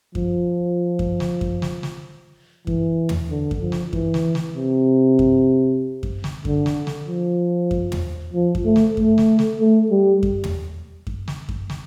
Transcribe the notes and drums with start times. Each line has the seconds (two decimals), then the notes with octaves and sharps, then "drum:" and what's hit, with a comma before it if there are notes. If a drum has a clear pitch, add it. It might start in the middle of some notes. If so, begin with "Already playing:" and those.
0.15 F3, drum: kick F#2
0.99 drum: kick F#2
1.20 drum: snare
1.41 drum: kick F#2
1.62 drum: snare
1.83 drum: snare
2.67 E3, drum: kick F#2
3.09 drum: tom
3.30 D3
3.51 drum: kick F#2
3.61 F3
3.72 drum: snare
3.93 E3, drum: kick F#2
4.14 drum: snare
4.35 drum: snare
4.56 C3
5.19 drum: kick F#2
6.03 drum: kick F#2
6.24 drum: snare
6.45 D3, drum: kick F#2
6.66 drum: snare
6.87 drum: snare
7.08 F3
7.71 drum: kick F#2
7.92 drum: tom
8.34 F3
8.55 drum: kick F#2
8.65 A3
8.76 drum: snare
8.97 A3, drum: kick F#2
9.18 drum: snare
9.39 drum: snare
9.60 A3
9.91 G3
10.23 drum: kick F#2
10.44 drum: tom
11.07 drum: kick F#2
11.28 drum: snare
11.49 drum: kick F#2
11.70 drum: snare